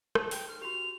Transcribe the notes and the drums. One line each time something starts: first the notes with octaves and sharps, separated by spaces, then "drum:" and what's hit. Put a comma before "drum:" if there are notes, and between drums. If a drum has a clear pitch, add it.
D#4 C5, drum: rim click
G5, drum: open hi-hat
F6
F#4 G4 F7